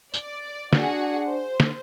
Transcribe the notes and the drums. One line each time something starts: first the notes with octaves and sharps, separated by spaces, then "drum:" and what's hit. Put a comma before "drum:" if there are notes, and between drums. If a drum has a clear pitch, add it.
D5, drum: tambourine
D4 F#4 G#4 F#5, drum: snare
C5
drum: snare